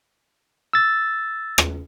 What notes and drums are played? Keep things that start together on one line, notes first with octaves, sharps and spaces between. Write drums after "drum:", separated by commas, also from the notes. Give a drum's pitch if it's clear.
E6 A6
drum: rim click